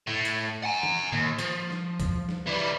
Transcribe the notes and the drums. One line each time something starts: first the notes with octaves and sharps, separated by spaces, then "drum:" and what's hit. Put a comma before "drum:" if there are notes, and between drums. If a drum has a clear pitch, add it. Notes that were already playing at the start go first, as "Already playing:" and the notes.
A2
drum: hi-hat
F#5 G#5
drum: tom
D#2, drum: tom A2
F3, drum: hi-hat
drum: snare
drum: kick C#2, hi-hat
drum: snare
E3 G3